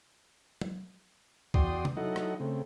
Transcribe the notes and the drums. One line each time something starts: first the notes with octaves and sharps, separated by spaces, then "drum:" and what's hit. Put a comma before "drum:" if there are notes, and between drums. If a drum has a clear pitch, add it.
drum: tom F#3
E2 F#4 D5 G5 C6 D#6, drum: kick C2
drum: tom
F#3 D#4 E4 A4 D#5 F#5
drum: rim click
C#3 A3 C4